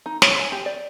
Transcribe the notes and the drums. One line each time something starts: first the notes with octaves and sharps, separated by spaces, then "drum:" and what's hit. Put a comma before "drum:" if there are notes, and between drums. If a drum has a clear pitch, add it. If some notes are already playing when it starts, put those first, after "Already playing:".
D#4
C#5, drum: snare
G#5
G4
D5